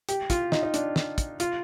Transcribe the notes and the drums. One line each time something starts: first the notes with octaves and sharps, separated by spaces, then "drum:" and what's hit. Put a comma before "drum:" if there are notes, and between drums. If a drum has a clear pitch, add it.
G4, drum: hi-hat
F4, drum: kick, hi-hat
D#4, drum: snare
D#4
D4, drum: hi-hat
drum: snare
drum: kick, hi-hat
F4, drum: hi-hat